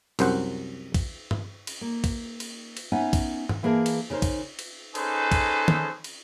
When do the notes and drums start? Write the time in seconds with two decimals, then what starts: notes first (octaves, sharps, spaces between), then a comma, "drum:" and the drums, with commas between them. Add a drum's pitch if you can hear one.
0.19 C2 F#2 C5 F#5, drum: cymbal
0.94 drum: kick, cymbal
1.31 drum: tom G2
1.67 drum: cymbal
1.81 A#3
2.04 drum: kick, cymbal
2.40 drum: cymbal
2.77 drum: cymbal
2.92 B3 C#4 D#4 E5 G#5
3.13 drum: kick, cymbal
3.49 drum: tom G2
3.63 E3 A#3 G#4 A#4 A5
3.86 drum: cymbal
4.10 C#3 D#4 A#4 C5
4.22 drum: kick, cymbal
4.59 drum: cymbal
4.95 C#4 D#4 G#4 A4 B4 C5, drum: cymbal
5.32 drum: kick, cymbal
5.68 drum: tom
6.04 drum: cymbal